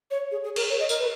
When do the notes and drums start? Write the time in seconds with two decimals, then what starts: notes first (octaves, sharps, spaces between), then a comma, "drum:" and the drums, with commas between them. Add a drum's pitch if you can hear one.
0.11 C#5
0.31 G#4
0.44 G#4
0.56 A#4, drum: cymbal
0.69 C#5
0.80 D#5
0.89 A#4, drum: tambourine
0.99 B4